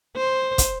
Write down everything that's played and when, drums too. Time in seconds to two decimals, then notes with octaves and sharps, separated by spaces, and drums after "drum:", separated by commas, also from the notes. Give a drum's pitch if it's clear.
0.17 C5
0.58 drum: kick, hi-hat